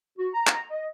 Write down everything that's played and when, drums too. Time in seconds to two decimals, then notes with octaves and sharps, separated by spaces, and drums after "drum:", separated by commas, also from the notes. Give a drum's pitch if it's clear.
0.18 F#4
0.34 A#5
0.47 drum: clap
0.71 D#5